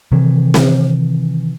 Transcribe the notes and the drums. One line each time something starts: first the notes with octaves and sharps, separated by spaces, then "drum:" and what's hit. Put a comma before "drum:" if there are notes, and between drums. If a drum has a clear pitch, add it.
C3 D#3 E3 C4
drum: snare C4